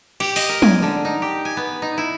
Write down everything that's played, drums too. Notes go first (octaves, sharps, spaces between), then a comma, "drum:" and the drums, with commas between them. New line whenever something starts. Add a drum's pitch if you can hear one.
G4, drum: cymbal
D#5, drum: open hi-hat
A#4
G#5, drum: tom
D3
D#4
G4
G#5
B3
D#4
E4